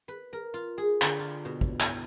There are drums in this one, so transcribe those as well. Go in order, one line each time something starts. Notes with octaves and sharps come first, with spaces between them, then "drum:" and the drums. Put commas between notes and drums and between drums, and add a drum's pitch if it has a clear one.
B4
A#4
F4
G#4
D3, drum: clap
F4
B2
drum: kick
E4, drum: clap